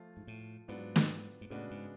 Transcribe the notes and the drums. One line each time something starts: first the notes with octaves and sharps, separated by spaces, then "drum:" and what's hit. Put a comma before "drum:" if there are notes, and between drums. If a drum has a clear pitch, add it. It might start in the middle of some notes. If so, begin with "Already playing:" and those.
Already playing: F3 A3 F4
G#2
A2
G#2 F#3 B3 D4 F4
drum: snare
G#2
A2 C#3 G#3 B3 D4 F#4
G#2